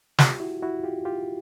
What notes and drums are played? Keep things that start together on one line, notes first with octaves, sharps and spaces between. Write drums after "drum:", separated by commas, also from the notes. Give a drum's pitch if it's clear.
F4 G4, drum: snare
E4 F#4
E4 F#4
F4 G4
F4 G4